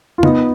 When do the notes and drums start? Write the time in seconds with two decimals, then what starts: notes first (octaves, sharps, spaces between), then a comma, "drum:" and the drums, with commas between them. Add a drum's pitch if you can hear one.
0.18 F4
0.23 B3 D#4, drum: tom